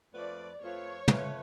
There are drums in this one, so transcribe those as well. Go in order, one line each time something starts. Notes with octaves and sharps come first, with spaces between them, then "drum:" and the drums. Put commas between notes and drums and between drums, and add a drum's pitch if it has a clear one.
F2 F3 A3 F4 B4 D5
F2 F3 A3 F4 B4 C#5
F2 F3 A3 F4 B4, drum: tom